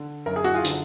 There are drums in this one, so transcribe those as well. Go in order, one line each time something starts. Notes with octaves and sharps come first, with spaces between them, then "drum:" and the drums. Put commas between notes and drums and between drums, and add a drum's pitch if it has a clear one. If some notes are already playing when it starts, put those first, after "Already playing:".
Already playing: D3
F#2 A#4
G#4
F#4
F4 G#4
D3, drum: hi-hat